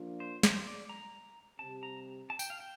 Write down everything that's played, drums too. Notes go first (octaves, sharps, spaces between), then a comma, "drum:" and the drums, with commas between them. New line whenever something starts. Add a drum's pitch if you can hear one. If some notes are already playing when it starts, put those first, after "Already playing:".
Already playing: F3 A#3 D4 F4
C5
C5, drum: snare
D5
A#5
C3 G3 C4 G4 A5
A#5
A5
G5, drum: tambourine
F5
G5